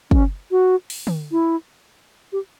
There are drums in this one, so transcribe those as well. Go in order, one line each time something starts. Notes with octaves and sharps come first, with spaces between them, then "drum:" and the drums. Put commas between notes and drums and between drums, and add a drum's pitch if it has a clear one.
C#4, drum: kick
F#4
drum: open hi-hat
drum: tom
E4
G4